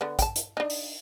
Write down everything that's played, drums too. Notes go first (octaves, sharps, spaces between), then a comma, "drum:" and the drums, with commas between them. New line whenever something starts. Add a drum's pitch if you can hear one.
D3 B3
G5 A5, drum: kick, hi-hat
drum: hi-hat
D4 D#4
drum: open hi-hat